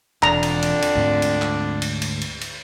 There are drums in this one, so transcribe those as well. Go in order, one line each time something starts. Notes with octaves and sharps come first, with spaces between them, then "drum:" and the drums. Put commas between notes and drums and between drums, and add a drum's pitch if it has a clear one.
E1 F2 D3 D4 A#5, drum: clap
drum: cymbal
drum: cymbal
drum: cymbal
D2 G#2 C4
drum: cymbal
drum: clap
drum: cymbal
drum: cymbal
drum: cymbal
drum: cymbal